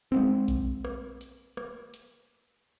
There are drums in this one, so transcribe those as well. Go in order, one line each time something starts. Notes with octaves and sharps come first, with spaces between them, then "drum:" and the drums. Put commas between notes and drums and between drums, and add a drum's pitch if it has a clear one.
G#3 B3 C4
drum: kick A#1, hi-hat
drum: rim click
drum: hi-hat
drum: rim click
drum: hi-hat